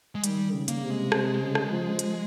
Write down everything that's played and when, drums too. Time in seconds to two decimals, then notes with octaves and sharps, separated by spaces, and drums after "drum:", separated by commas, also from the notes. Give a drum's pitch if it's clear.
0.15 G#3
0.24 D#3 G3, drum: hi-hat
0.53 C#3
0.68 A#3, drum: hi-hat
0.83 C3
0.90 G#3
1.12 C3, drum: rim click
1.41 C#3
1.55 drum: rim click
1.70 F3
1.99 drum: hi-hat